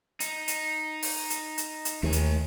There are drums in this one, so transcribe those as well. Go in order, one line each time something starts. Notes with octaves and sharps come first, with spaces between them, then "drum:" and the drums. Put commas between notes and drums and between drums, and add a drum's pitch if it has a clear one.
D#4, drum: hi-hat
drum: hi-hat
drum: open hi-hat
drum: hi-hat
drum: hi-hat
drum: hi-hat
D#2 A3 G#5
drum: hi-hat